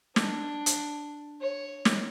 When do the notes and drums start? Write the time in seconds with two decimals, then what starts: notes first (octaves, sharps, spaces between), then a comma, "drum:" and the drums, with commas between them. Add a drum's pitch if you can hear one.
0.16 D4, drum: snare
0.66 drum: hi-hat
1.41 C#5
1.85 drum: snare